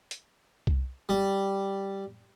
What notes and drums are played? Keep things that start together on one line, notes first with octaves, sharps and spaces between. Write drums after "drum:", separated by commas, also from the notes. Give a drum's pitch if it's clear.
drum: hi-hat
drum: kick C2
G3